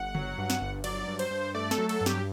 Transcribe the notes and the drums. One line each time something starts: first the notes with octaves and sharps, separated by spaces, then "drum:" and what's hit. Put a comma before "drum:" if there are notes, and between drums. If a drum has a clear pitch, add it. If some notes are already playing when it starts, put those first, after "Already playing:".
Already playing: G1 F#5
F#3, drum: tom C#3
G2
drum: snare
G1
F#3 D5, drum: cymbal
G2
C5, drum: cymbal
G2
A3 D5
A4, drum: snare
F#3
A4, drum: cymbal
G2
G4, drum: snare